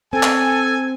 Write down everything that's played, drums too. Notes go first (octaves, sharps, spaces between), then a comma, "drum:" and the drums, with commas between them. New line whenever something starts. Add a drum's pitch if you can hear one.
C4 A4 G#5
drum: clap